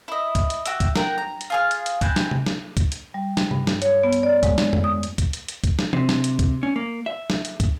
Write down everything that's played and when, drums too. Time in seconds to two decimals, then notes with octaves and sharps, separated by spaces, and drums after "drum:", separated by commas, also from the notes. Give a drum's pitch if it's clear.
0.08 E4 D#5
0.35 drum: kick, hi-hat
0.50 drum: hi-hat
0.66 F#4 G4 E5, drum: hi-hat
0.80 drum: kick, hi-hat
0.96 A#4 F#5 G5 A#5, drum: snare
1.18 A#5
1.41 drum: hi-hat
1.50 F4 G#4 F6
1.71 drum: hi-hat
1.86 drum: hi-hat
2.01 C4 E4 G#5 F#6, drum: kick, hi-hat
2.16 drum: snare
2.31 drum: tom C3
2.46 drum: snare
2.77 drum: kick, hi-hat
2.92 drum: hi-hat
3.14 G3
3.37 drum: snare
3.51 G2, drum: tom C3
3.67 drum: snare
3.82 C#5, drum: hi-hat
4.03 B3
4.13 drum: hi-hat
4.23 D5
4.43 G#3, drum: kick, hi-hat
4.58 drum: snare
4.73 drum: tom F2
4.84 D#6
5.03 drum: hi-hat
5.18 drum: kick, hi-hat
5.33 drum: hi-hat
5.48 drum: hi-hat
5.64 drum: kick, hi-hat
5.79 drum: snare
5.93 C3, drum: tom
6.09 drum: snare
6.24 drum: hi-hat
6.39 drum: kick, hi-hat
6.63 C#4
6.76 A#3
7.06 E5
7.30 drum: snare
7.45 drum: hi-hat
7.60 drum: kick, hi-hat